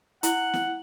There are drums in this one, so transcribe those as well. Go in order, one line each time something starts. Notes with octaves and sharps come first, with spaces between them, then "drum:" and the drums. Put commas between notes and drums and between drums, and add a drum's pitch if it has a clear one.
E4 F#5, drum: hi-hat
drum: snare